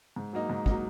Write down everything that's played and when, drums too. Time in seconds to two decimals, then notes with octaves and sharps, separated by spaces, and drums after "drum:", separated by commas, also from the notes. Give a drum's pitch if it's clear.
0.16 G#2
0.33 F#3 A#3 D#4
0.50 G#2
0.66 F#3 A#3 D#4, drum: kick